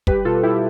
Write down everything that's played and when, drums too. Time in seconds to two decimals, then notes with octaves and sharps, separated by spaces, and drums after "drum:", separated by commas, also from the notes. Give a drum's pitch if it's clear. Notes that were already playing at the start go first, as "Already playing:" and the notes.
0.07 G3 G4 B4, drum: kick
0.25 B2 F4 A4
0.43 B2 E4 G4